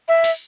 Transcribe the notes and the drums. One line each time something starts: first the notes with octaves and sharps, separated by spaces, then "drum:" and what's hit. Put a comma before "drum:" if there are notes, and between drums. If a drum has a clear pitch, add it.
E5
drum: open hi-hat